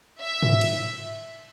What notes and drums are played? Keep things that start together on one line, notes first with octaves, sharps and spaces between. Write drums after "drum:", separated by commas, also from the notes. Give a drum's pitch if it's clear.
E5
drum: tom G#2
drum: cymbal